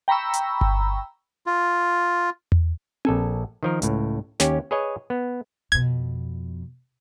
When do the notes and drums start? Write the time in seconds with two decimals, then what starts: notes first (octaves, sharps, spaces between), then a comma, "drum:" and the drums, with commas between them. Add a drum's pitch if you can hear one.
0.08 G5 A#5 B5 C#6 E6
0.33 drum: hi-hat
0.61 drum: kick G1
1.46 F4
2.52 drum: tom E2
3.05 A#1 A4 G#5, drum: tom C4
3.63 D#3 F3 A#4
3.82 C#2 A2, drum: hi-hat
4.40 D#2 C#4 G4, drum: snare
4.71 G#4 B4 C#5 D#5 G#5
5.10 B3
5.72 F2 B2 G#6